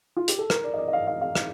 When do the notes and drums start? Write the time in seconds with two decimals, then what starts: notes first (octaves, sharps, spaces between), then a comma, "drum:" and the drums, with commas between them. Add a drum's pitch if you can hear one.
0.17 F4
0.28 G4, drum: hi-hat
0.39 A4
0.50 A#4, drum: rim click
0.64 D5
0.74 D#5
0.78 D5
0.88 D#5
0.93 F5
1.07 F5
1.21 F5
1.35 drum: rim click